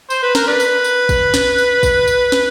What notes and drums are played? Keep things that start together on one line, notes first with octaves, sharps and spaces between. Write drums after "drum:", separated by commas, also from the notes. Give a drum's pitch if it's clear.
C5, drum: tambourine
B4
A#4, drum: snare
D4 B4
drum: tambourine
drum: tambourine
drum: kick, tambourine
drum: snare
drum: tambourine
drum: kick, tambourine
drum: tambourine
drum: snare